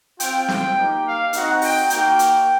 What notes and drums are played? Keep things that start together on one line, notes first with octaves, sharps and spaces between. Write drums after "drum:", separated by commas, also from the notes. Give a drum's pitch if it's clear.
C4 F4 G5, drum: hi-hat
G5, drum: snare
A#3 D#4 G4
F5
C4 D#4 F#4 F#5, drum: hi-hat
G5, drum: open hi-hat
A#3 D#4 F#4 G5, drum: hi-hat
drum: hi-hat